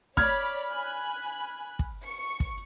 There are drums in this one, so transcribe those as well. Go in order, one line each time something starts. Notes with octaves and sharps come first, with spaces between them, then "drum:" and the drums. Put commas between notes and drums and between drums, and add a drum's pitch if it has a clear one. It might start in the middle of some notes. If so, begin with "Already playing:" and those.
C#5 D5 B5 F6 G#6, drum: kick
G#5 B5 F#6
drum: kick
C#6 C#7
drum: kick